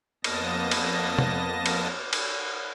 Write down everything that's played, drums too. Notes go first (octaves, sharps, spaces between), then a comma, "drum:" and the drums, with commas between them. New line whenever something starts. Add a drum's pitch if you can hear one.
F2 A#3 B3 D#5 A5 A#6, drum: cymbal
drum: cymbal
drum: tom C3
drum: cymbal
drum: cymbal